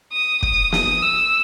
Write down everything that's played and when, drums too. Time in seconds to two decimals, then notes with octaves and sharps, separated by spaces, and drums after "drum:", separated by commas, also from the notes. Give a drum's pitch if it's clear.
0.12 D#6
0.42 D#6, drum: kick
0.72 D#6, drum: snare
1.02 E6